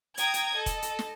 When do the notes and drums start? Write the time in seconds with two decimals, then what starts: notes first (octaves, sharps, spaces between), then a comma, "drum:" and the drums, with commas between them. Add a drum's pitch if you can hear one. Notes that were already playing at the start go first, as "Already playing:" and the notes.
0.17 G5 A#5 D#6 G#6, drum: hi-hat
0.34 drum: hi-hat
0.54 A4 D#5
0.66 drum: kick E1, hi-hat
0.82 drum: hi-hat
0.99 drum: snare